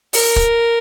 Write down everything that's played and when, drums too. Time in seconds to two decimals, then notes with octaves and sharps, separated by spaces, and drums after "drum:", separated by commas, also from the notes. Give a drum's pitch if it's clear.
0.13 A#4, drum: open hi-hat
0.36 drum: kick